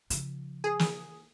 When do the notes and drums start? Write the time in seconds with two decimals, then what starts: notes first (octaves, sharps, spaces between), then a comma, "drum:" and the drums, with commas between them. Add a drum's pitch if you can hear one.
0.10 C#3 F3, drum: hi-hat
0.64 G#4
0.79 drum: snare